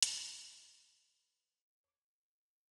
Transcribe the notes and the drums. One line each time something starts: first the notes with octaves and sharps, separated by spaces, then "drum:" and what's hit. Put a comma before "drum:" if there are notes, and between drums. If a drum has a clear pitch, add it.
drum: hi-hat
B4
E2 C#5 D6